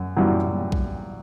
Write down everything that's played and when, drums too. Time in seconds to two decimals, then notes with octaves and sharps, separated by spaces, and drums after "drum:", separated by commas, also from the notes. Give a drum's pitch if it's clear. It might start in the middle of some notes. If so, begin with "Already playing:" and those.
Already playing: F#2
0.17 F#2 E3 G3
0.72 drum: kick A#1